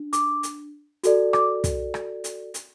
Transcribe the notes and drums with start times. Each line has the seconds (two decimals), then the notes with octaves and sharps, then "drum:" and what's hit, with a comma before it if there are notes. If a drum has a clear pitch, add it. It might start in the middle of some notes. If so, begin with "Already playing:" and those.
Already playing: D4
0.13 D6, drum: hi-hat
0.43 drum: hi-hat
1.04 F#4 A4 D5, drum: hi-hat
1.33 D6, drum: rim click
1.64 drum: kick, hi-hat
1.94 drum: rim click
2.24 drum: hi-hat
2.54 drum: hi-hat